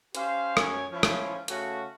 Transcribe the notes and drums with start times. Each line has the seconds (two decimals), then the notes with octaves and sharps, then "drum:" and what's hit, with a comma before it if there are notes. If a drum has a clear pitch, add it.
0.15 C#4 G4 C5 F5, drum: hi-hat
0.57 F#2 C#5 G#5, drum: rim click
0.91 F3 C#4 E4
1.03 drum: rim click
1.48 C#3 A3 C#4 F#4, drum: hi-hat